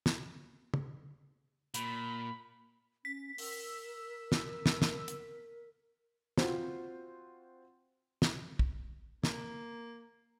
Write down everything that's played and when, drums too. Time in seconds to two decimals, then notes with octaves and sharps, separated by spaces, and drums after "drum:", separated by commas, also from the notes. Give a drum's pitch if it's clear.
0.06 drum: snare
0.74 drum: tom
1.74 A#2 B5, drum: hi-hat
3.05 C#4 B6
3.38 A#4 E6, drum: open hi-hat
4.32 drum: snare
4.66 drum: snare
4.82 drum: snare
5.08 drum: hi-hat
6.38 C4 F4 F#4 C5, drum: snare
8.22 drum: snare
8.59 drum: kick
9.24 A#3, drum: snare